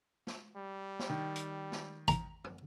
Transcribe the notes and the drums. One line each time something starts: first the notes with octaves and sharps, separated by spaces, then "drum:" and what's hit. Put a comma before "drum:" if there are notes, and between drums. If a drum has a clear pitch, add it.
drum: snare
G3
drum: snare
D#3
drum: hi-hat
drum: snare
A#5, drum: kick G#1, hi-hat
drum: tom